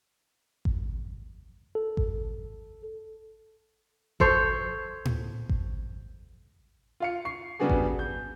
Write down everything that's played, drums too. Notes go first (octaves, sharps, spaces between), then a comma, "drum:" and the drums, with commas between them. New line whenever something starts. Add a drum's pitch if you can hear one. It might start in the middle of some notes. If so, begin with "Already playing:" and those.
drum: kick G#1
A4
drum: kick G#1
A4 C5 C#5, drum: kick G#1
drum: tom A2
drum: kick G#1
F4 F5 C#7
C#6 C7
C#3 G3 B3 D4 F#4 G#4
drum: kick G#1
G6